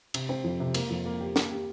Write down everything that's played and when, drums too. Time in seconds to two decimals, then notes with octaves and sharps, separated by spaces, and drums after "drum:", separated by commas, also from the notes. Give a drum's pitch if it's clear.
0.14 C3, drum: cymbal
0.29 C4
0.44 F2
0.60 C3
0.74 A#3, drum: cymbal
0.90 F2
1.05 A#3
1.21 G4
1.36 A#3, drum: snare
1.52 G4